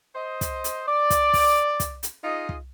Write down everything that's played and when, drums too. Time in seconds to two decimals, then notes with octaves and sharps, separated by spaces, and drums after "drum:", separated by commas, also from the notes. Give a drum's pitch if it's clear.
0.15 C5 D#5
0.41 drum: kick, hi-hat
0.64 drum: hi-hat
0.87 D5
1.10 drum: kick, hi-hat
1.33 drum: kick, open hi-hat
1.80 drum: kick, hi-hat
2.03 drum: hi-hat
2.24 D#4 F4 G#4 D#5
2.49 drum: kick